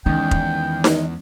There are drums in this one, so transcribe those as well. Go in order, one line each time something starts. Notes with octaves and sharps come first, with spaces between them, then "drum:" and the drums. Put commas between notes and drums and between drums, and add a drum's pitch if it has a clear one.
E2 D#3 G#3 C#4 D#4 G5
drum: kick F1
drum: snare D#4